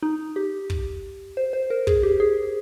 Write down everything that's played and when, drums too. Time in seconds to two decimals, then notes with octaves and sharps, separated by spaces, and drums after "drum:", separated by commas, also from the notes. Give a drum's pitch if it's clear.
0.03 D#4
0.36 G4
0.70 drum: kick
1.37 C5
1.53 C5
1.70 A#4
1.87 G#4, drum: kick
2.03 G4
2.20 G#4